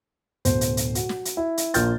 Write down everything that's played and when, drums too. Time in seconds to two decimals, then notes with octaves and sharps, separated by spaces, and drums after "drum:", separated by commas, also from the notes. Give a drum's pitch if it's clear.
0.45 D1 B2 C5, drum: hi-hat
0.61 drum: hi-hat
0.77 drum: hi-hat
0.95 F#4, drum: hi-hat
1.09 drum: snare
1.25 drum: hi-hat
1.37 E4
1.57 drum: hi-hat
1.74 A#1 A#3 F4 F6 G6 A6, drum: hi-hat